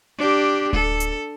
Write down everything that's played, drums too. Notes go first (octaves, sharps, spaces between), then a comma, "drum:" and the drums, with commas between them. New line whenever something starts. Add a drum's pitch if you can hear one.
D4 G4
A4, drum: kick D1
drum: hi-hat